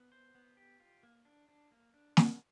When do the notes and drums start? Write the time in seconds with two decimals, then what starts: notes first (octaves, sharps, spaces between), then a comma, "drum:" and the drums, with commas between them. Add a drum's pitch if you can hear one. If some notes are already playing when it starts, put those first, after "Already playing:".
Already playing: B3
0.12 C5
0.35 B3
0.57 G4
0.80 F4
1.03 A#3
1.25 D4
1.49 D4
1.72 A#3
1.94 D4
2.17 C#3, drum: snare